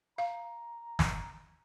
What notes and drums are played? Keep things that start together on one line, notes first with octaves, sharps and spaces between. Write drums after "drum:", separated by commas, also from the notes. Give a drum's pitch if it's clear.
F5 A#5
drum: snare